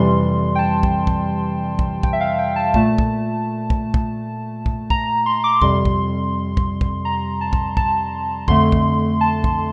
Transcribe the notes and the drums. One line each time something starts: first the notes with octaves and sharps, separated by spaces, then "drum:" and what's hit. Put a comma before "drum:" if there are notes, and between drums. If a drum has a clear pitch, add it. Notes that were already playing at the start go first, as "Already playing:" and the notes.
Already playing: F2 C3 E3 G3 C6
G5
A5
drum: kick
drum: kick
drum: kick
G5, drum: kick
E5
F5
G5
A5
A#2 A3 A5, drum: kick
drum: kick
drum: kick
drum: kick
drum: kick
A#5, drum: kick
C6
D6
F2 C3 G3 C6, drum: kick
drum: kick
drum: kick
drum: kick
A#5
A5
drum: kick
A5, drum: kick
F2 D3 A3 C6, drum: kick
drum: kick
A5
drum: kick